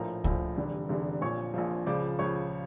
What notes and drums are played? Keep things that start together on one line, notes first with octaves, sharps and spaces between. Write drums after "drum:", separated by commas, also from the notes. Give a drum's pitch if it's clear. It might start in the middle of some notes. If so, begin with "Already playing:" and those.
Already playing: A#1 A2 F3 A#4 A#5
A#1 A2 F3, drum: kick C#2
F1 E2 D3 G3
F1 E2 D3 G3
A#1 A#2 F3 C#5 C#6
A#1 A#2 F3
C#2 C#3 F3 D5 D6
C#2 C#3 F3 C#5 C#6